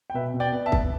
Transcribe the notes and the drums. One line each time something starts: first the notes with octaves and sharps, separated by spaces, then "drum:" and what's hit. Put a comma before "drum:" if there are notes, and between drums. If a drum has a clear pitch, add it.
G5
B2 B4 E5
B2
D5 G5
B3
E5 A5
B3, drum: kick C2